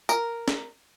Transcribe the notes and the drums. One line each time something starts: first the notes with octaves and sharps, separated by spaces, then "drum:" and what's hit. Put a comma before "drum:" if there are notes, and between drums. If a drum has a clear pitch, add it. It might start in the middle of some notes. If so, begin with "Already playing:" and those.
A#4, drum: tambourine
drum: snare